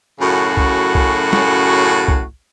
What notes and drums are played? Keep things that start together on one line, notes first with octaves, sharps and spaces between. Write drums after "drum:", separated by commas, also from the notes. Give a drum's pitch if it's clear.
F#2 A2 C#3 F#4
drum: kick C2
drum: kick C2
drum: snare
drum: kick C2